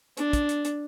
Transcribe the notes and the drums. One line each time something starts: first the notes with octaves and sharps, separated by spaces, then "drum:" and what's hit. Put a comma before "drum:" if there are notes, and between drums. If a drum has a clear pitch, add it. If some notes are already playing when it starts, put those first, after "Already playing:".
D4, drum: hi-hat
drum: kick, hi-hat
drum: hi-hat
drum: hi-hat